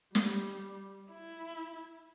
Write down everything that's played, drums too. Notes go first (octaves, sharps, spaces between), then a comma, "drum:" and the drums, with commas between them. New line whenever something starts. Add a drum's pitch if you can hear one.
G3, drum: snare
E4